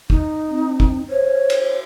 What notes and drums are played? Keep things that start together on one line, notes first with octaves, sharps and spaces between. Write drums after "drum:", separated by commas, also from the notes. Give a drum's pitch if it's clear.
D#4, drum: kick
C4
drum: kick
C5 C#5
drum: cymbal